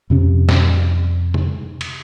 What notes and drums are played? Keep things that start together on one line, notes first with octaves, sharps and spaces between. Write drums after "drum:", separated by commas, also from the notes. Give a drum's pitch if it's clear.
F2 C3 C#4
drum: snare
drum: tom
drum: cymbal